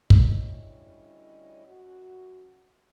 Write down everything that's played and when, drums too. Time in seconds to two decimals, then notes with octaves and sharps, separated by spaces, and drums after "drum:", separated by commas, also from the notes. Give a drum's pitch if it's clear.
0.10 D2 G3 C#4 E4 C#5 D#5, drum: kick
1.66 F#2 F#4